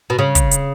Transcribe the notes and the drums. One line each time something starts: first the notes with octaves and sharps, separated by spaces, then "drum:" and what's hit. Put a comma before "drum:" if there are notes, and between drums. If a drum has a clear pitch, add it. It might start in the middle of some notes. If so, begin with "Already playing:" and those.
B2
C#3
drum: kick, hi-hat
drum: hi-hat